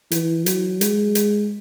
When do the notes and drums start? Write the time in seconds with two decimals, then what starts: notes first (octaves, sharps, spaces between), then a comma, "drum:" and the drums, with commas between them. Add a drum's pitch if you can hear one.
0.11 E3, drum: hi-hat
0.46 F#3, drum: hi-hat
0.81 G#3, drum: hi-hat
1.15 drum: hi-hat